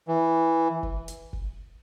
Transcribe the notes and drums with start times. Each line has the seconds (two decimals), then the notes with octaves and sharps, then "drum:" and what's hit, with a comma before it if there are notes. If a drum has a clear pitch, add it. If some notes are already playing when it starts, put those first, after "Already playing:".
0.08 E3
0.83 drum: kick
1.08 drum: hi-hat
1.33 drum: kick